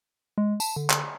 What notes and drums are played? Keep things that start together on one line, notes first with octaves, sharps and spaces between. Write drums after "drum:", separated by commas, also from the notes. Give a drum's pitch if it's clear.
G#3
A5, drum: tambourine
D3
drum: clap